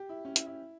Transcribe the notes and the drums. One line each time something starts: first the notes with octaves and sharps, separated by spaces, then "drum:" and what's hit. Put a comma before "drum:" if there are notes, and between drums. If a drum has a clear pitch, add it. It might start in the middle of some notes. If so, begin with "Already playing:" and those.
Already playing: G4
E4
C#4
E4, drum: hi-hat
E4